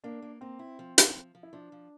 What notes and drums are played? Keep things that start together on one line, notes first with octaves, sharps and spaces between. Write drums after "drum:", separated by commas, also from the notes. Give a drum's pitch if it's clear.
A#3 D4
A#3
A#3 C4
E4
F3
F3, drum: hi-hat
F3
F3
E4
F3 D4
F3